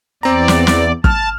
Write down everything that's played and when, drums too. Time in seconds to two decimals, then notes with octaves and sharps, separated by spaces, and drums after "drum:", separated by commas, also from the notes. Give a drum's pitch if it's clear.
0.23 E2 C4 D5 A#5
0.48 drum: snare
0.67 drum: snare
1.04 A5 F6, drum: kick